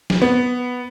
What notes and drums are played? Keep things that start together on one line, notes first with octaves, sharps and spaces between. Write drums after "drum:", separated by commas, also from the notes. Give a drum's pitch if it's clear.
drum: snare
B3